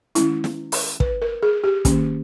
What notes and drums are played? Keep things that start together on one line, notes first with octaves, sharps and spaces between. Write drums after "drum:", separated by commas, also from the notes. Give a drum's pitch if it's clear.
D#3 G#3 C#4 E4, drum: hi-hat
drum: snare
drum: open hi-hat
B4, drum: kick
A#4
G#4
G4
D#3 A#3 C#4, drum: kick, hi-hat